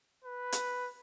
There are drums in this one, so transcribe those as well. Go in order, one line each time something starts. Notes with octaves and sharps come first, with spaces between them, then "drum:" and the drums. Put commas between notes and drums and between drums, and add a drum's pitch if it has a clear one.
B4
drum: hi-hat